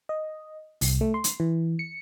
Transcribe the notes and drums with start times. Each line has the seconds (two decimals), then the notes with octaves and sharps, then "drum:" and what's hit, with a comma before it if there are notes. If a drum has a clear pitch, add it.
0.09 D#5
0.81 C2, drum: open hi-hat
1.01 A3
1.14 C6
1.24 drum: hi-hat
1.40 E3
1.79 C#7